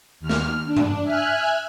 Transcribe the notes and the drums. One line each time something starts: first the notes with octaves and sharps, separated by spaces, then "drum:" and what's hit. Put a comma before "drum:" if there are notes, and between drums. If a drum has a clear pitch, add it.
D#2 F6
drum: snare
D4
drum: tom G2
E5 G#5 F6 F#6